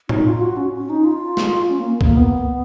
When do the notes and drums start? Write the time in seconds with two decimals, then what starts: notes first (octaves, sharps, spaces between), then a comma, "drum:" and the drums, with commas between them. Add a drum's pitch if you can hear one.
0.09 D#4, drum: tom A2
0.25 F4
0.41 F#4
0.57 C#4
0.73 C#4
0.90 D#4
1.05 F4
1.37 drum: snare
1.69 C#4
1.79 A#3
2.01 A#3, drum: kick C2
2.16 B3